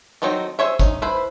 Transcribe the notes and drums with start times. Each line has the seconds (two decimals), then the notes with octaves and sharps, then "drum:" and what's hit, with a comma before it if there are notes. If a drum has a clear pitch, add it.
0.22 D#3 F#3 C4 D#4 A4
0.59 G#4 C5 C#5 E5
0.79 C#4 D#4, drum: kick, tambourine
1.02 E4 B4 C5